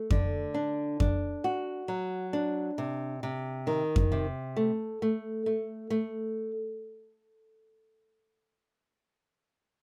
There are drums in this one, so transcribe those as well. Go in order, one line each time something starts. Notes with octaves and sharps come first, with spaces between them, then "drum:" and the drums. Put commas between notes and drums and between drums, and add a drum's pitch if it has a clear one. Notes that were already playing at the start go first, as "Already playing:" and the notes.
Already playing: A3
D3, drum: kick F2
D4
D4, drum: kick F2
F#4
F#3
D4
C3
C3
D#3
drum: kick F2
C3
A3
A3
A3
A3